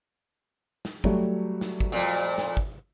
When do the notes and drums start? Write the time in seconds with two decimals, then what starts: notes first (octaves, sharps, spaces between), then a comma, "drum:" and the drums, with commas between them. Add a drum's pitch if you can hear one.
0.85 drum: snare
1.04 F#3 G3 A3, drum: kick
1.61 drum: snare
1.80 drum: kick
1.92 F2 A#2
2.38 drum: snare
2.57 drum: kick